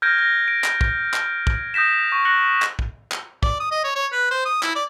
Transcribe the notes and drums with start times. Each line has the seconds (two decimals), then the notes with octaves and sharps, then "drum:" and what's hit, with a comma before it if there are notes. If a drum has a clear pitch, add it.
0.02 F6 G6 G#6 A#6 D7
0.18 A#6
0.48 D7
0.64 drum: clap
0.81 drum: kick
1.14 drum: clap
1.47 drum: kick
1.74 D#6 G6 A#6 B6 E7
2.12 C#6
2.25 F#6 A#6 C#7 F#7
2.62 drum: clap
2.79 drum: kick
3.12 drum: clap
3.43 D5, drum: kick
3.60 D#6
3.71 D#5
3.84 C#5
3.96 C#5
4.12 B4
4.31 C5
4.45 D#6
4.63 E4, drum: clap
4.76 D5